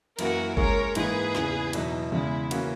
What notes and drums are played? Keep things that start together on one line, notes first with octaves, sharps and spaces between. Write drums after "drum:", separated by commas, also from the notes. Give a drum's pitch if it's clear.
F#2 E3 A#3 E4 F#4 A#4, drum: cymbal
G#3 C#4 G#4 A#4 C#5, drum: kick G1
G#2 E3 A#3 D#4 G#4 B4, drum: cymbal
E2 C#3 E3, drum: snare
E2 B2 F#3 B3 D#4 E4, drum: cymbal
E2 C#3 G#3 E4, drum: tom E3
C#3 E3 A#3 C#4 F#4, drum: cymbal